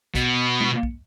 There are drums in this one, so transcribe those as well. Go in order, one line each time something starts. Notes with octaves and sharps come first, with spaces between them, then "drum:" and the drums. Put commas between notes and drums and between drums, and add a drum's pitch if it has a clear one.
B2, drum: kick, hi-hat
drum: tom G#3
drum: kick